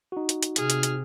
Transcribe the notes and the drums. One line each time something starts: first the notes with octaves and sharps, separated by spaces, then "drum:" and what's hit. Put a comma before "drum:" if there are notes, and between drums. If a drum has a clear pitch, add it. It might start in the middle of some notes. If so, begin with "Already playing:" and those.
D#4 F#4
drum: hi-hat
drum: hi-hat
C3 G#4 F6, drum: hi-hat
drum: hi-hat
drum: hi-hat